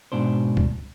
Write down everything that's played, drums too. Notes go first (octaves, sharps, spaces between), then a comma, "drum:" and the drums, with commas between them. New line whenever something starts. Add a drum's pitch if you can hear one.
G#2 B2 D4 C5
drum: kick C#2